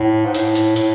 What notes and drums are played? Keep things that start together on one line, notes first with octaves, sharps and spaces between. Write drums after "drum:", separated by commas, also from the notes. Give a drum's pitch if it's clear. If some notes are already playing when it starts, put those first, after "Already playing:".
Already playing: A2
G#2
A2, drum: hi-hat
drum: hi-hat
A2, drum: hi-hat